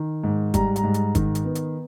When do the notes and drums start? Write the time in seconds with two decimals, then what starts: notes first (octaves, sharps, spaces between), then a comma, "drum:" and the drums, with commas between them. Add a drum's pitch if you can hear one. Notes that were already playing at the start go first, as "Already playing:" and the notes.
Already playing: D#3
0.24 G#2
0.54 G3 A#5, drum: kick, hi-hat
0.76 A#5, drum: hi-hat
0.84 G#2
0.94 drum: hi-hat
1.15 D#3, drum: kick, hi-hat
1.35 drum: hi-hat
1.45 B3
1.55 drum: hi-hat